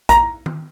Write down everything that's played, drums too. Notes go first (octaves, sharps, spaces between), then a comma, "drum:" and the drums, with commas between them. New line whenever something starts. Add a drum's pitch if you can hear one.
A#5, drum: kick A#1, hi-hat
drum: tom D#3